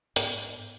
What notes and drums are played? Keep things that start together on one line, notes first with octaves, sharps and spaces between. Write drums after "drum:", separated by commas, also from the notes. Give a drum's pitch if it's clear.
G#2 B3, drum: hi-hat